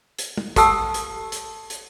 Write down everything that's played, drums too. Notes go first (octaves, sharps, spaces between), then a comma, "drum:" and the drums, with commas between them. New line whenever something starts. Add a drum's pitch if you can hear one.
drum: hi-hat
drum: tom
G4 A4 F#5 A5 E6, drum: kick, hi-hat
drum: hi-hat
drum: hi-hat
drum: hi-hat